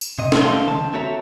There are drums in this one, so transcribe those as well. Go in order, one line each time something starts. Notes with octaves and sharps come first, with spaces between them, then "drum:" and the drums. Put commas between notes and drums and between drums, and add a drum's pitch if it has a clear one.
drum: tambourine
C3 D#5
drum: snare
C3 G3 A3 C4 F5 C6
C#2 D#3 C4 A5
C4 F#4 A4 C#5 E5 A#5